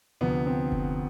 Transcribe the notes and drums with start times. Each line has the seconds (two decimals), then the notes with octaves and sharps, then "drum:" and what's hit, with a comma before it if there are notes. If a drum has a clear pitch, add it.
0.21 D2 C3 F3 B3
0.47 C4
0.72 drum: kick F#1